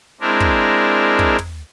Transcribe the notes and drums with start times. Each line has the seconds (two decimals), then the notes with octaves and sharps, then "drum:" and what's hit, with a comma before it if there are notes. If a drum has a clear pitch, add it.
0.21 G#3 C4 D4 E4 A#4
0.40 drum: kick
1.19 drum: kick
1.38 drum: tom